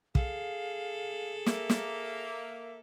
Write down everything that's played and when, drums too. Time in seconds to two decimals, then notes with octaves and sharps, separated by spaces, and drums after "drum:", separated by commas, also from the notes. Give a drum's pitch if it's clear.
0.15 G#4 A4 F5, drum: kick
1.46 A#3 E5, drum: snare
1.70 drum: snare